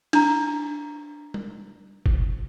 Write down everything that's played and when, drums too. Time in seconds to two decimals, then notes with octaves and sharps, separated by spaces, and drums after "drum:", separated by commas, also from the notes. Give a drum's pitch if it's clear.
0.13 D4 A#5, drum: cymbal
1.34 drum: tom
2.06 drum: kick